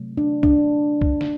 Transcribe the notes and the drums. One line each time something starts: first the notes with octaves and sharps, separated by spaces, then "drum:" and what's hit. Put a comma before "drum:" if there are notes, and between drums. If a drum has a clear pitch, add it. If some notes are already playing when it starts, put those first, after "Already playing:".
Already playing: C3 F#3 A3
D4
D4, drum: kick B1
drum: kick B1
drum: snare